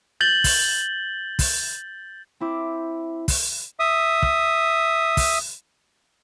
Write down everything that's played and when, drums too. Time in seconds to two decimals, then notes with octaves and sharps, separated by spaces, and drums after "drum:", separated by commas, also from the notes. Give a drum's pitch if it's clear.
0.21 G6 A6 F#7 G7
0.44 drum: kick, open hi-hat
1.39 drum: kick, open hi-hat
2.40 C4 E4 D6
3.28 drum: kick, open hi-hat
3.79 E5 D#6
4.22 drum: kick
5.17 drum: kick, open hi-hat